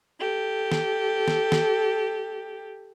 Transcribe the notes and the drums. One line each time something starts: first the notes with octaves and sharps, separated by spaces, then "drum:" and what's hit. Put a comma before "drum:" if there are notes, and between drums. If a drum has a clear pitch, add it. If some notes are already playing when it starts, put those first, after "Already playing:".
G4 A4
drum: snare
drum: snare
drum: snare